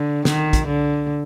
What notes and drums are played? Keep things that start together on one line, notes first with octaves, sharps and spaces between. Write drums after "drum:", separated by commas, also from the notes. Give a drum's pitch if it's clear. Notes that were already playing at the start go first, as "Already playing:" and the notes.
Already playing: D3
D#3, drum: snare
drum: kick, hi-hat
D3